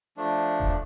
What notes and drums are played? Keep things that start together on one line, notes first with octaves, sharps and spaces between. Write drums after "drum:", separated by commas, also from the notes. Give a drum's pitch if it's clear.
F3 A3 D4
drum: kick E1